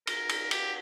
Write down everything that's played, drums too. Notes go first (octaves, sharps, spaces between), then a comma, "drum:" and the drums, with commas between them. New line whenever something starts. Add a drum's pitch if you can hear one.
A#4, drum: cymbal
drum: cymbal
G4, drum: cymbal